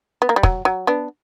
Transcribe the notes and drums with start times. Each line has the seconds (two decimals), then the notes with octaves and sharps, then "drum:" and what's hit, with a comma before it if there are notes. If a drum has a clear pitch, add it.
0.22 B3
0.29 A#3
0.36 G3
0.43 F#3, drum: kick
0.65 F#3
0.87 B3 D4